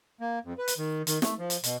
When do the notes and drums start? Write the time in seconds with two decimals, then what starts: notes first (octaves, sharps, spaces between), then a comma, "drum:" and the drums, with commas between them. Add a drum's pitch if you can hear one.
0.21 A#3
0.45 F2
0.58 B4
0.68 drum: hi-hat
0.78 D#3
1.07 D#3, drum: hi-hat
1.22 A3, drum: snare
1.39 F3
1.50 drum: hi-hat
1.63 B2, drum: hi-hat